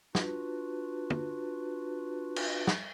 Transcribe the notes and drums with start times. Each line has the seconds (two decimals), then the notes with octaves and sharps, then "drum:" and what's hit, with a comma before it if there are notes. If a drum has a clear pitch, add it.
0.15 D4 F4 F#4 B4, drum: snare
1.10 drum: tom
2.36 drum: cymbal
2.67 drum: snare